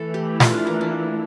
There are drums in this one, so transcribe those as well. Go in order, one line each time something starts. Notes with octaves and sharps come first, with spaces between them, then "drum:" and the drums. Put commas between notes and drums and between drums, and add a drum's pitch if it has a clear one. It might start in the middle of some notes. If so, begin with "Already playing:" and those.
Already playing: E3 A3 E4 A4
G4
F4, drum: snare
D4
A#3
D4